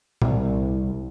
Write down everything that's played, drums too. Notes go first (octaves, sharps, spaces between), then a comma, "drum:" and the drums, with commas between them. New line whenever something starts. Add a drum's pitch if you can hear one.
C2, drum: tom A#2